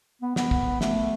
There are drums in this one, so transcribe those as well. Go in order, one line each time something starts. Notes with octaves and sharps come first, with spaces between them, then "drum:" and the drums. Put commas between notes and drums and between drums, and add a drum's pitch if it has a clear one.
B3
B3, drum: snare
drum: kick
A3, drum: snare